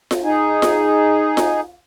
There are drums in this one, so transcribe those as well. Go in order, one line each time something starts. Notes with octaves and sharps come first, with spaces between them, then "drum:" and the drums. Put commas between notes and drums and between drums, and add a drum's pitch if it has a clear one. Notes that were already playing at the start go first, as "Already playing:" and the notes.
drum: snare F4
D#4 G#4
drum: snare F4
drum: snare F4